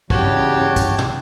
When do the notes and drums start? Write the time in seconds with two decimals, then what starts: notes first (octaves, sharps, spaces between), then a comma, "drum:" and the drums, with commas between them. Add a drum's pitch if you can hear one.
0.10 E2 G2 C#3 F#4 G4 C#5 A5, drum: kick
0.76 drum: kick, tambourine
0.98 drum: tom